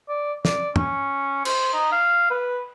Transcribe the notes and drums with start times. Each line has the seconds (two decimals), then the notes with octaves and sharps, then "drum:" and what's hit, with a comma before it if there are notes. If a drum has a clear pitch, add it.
0.09 D5
0.45 D5, drum: snare
0.76 C#4, drum: tom
1.45 C5, drum: cymbal
1.73 D#4
1.92 F5
2.31 B4